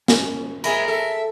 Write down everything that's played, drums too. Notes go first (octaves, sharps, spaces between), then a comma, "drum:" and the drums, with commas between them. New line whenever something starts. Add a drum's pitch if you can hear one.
C#4, drum: snare
C3 G#3 G#4 A#4 E5 G#5 B5, drum: hi-hat
A4 E5